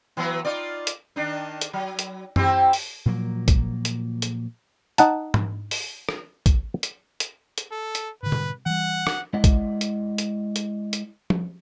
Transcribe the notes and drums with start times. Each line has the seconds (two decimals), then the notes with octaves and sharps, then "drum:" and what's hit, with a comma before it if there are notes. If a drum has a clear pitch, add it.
0.17 E3 F#3 B3
0.45 D#4 F4 D5
0.87 drum: hi-hat
1.16 D#3 D4 D#4
1.61 drum: hi-hat
1.73 F#3
1.99 drum: hi-hat
2.36 C4 E4 G4, drum: tom F#2
2.73 drum: open hi-hat
3.06 A#2 F3 F#3 A#3
3.48 drum: kick, hi-hat
3.85 drum: hi-hat
4.22 drum: hi-hat
4.98 D#4 F#5 A5, drum: hi-hat
5.34 drum: tom G#2
5.71 drum: open hi-hat
6.09 drum: rim click
6.46 drum: kick, hi-hat
6.83 drum: hi-hat
7.20 drum: hi-hat
7.58 drum: hi-hat
7.71 A4
7.95 drum: hi-hat
8.23 G#2 D3 B4
8.32 drum: tom B2
8.66 E3 G3 F#5
9.07 drum: rim click
9.33 G#3 E4 D5 D#5 F#5
9.44 drum: kick, hi-hat
9.81 drum: hi-hat
10.18 drum: hi-hat
10.56 drum: hi-hat
10.93 drum: hi-hat
11.30 drum: tom F3